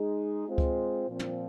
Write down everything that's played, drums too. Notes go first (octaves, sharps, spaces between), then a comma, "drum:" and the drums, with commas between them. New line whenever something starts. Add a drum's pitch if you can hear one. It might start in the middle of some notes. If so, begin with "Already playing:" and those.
Already playing: G#3 D#4 G#4
G#3 C4 F4 C5
drum: kick C#2
A#2 F3 C4
drum: tom